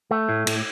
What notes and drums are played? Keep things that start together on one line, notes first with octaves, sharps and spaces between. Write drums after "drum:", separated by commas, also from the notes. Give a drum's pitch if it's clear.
A3
A2
A2, drum: cymbal